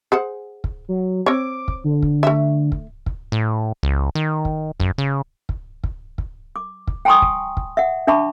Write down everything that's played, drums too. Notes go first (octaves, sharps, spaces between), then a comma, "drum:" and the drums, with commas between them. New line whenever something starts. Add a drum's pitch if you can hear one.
G#4 C5 F#5
drum: kick
F#3
C4 C#5 D6
drum: kick
D3
drum: kick
A3 E5
drum: kick
drum: kick
A2
C#2
D#3
drum: kick
F#2, drum: kick
C#3
drum: kick
drum: kick
drum: kick
D6
drum: kick
G5 G#5 A#5 C6 C#6 D#6
drum: kick
drum: kick
E5 F#5
D4 E5 A5 B5 C#6 D6